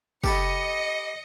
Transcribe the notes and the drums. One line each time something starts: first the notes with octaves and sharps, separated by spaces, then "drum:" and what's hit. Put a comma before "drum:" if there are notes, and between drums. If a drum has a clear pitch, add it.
G4 A4 D#5 B5 C#7, drum: kick